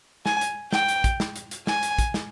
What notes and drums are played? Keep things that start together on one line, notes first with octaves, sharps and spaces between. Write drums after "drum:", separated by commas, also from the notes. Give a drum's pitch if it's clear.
G#5, drum: snare
drum: hi-hat
G5, drum: snare
drum: hi-hat
drum: kick, hi-hat
drum: snare
drum: hi-hat
drum: hi-hat
G#5, drum: snare
drum: hi-hat
drum: kick, hi-hat
drum: snare